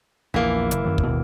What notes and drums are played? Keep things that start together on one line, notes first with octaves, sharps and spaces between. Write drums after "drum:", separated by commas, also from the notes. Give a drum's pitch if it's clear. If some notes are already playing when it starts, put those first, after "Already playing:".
A#1 E2 E3 A#3
F#1, drum: hi-hat
F#2 D#3 F#3
drum: kick
D#2 B2